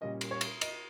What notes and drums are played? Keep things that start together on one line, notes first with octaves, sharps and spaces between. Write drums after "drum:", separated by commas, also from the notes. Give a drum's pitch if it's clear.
A#2 G3 A#3 C#4 D#5
drum: cymbal
C#5
drum: cymbal
D#5, drum: cymbal